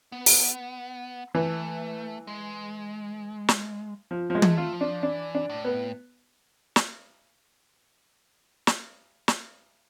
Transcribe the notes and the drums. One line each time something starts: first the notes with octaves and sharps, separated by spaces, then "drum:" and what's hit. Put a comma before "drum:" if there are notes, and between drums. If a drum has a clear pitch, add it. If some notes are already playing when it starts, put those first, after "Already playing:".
B3
drum: open hi-hat
E3 A3
G#3
drum: snare
F3
F3
G#3
A3, drum: tom
F4
F3
D4
E3 D4
D4
A2
B3
drum: snare
drum: snare
drum: snare